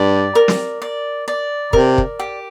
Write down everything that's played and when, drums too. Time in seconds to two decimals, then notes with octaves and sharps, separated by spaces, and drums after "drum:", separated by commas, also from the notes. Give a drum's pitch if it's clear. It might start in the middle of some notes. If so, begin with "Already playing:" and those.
Already playing: G2 G4 D5
0.35 A#4
0.48 drum: snare
0.82 D5
1.28 D5
1.73 C3 A#4, drum: kick
1.98 drum: kick
2.19 G4